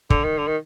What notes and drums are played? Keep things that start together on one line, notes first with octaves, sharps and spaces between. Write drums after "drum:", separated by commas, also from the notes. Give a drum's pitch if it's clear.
D3, drum: kick
D#3
D3
D#3